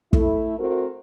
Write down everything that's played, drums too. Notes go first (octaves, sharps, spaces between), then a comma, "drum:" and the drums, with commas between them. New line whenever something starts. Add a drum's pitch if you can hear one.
A3 E4, drum: kick
A3 C4 F#4 A#4